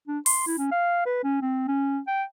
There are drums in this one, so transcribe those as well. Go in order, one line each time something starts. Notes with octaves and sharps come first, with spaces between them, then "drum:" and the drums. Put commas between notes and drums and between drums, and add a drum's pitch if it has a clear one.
D4
C6, drum: open hi-hat
E4
C#4
F5
B4
C#4
C4
C#4
G5